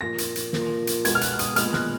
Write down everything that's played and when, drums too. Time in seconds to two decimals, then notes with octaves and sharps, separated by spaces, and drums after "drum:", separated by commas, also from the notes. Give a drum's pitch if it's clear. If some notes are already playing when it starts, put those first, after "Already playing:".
0.01 A#2 F3 A#3 A#6
0.18 drum: hi-hat
0.36 drum: hi-hat
0.53 A#2 F3 A#3, drum: snare
0.87 drum: hi-hat
1.05 B2 G#3 B3 G#6, drum: hi-hat
1.15 F6
1.21 F#6, drum: hi-hat
1.39 D#6, drum: hi-hat
1.56 A#2 G#3 B3 F6, drum: hi-hat
1.73 F#6, drum: snare